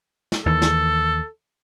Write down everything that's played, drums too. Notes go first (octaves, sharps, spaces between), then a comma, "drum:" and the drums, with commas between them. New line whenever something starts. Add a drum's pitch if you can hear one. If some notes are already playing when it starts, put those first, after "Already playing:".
drum: snare
D#2 E3 A4
drum: snare